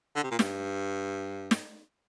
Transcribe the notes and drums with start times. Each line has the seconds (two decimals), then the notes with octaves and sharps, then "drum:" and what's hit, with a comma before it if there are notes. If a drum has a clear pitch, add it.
0.16 D3
0.24 C3
0.31 A#2
0.39 G2, drum: snare
1.51 drum: snare